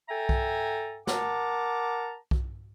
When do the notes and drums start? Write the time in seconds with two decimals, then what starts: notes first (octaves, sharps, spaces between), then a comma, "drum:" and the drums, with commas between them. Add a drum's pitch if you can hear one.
0.09 A4 E5 G5 G#5 A#5
0.29 drum: kick B1
1.07 A#4 F#5 A5 A#5 D6, drum: snare
2.31 drum: kick B1